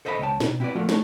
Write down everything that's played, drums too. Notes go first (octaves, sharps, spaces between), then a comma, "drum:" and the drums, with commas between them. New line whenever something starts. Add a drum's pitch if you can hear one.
A4 C5 D#5 E5 G5 B5
C#2 C#5 G5 A5
B2, drum: snare
C4 E4 F#4 G4 B4 D5
F3 A3 A#3 F4 F#4 A4
A3, drum: snare